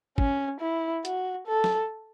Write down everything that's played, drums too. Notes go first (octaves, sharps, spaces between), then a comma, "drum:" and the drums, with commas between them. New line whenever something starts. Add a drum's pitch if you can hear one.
C#4, drum: kick
E4
F#4, drum: hi-hat
A4
drum: snare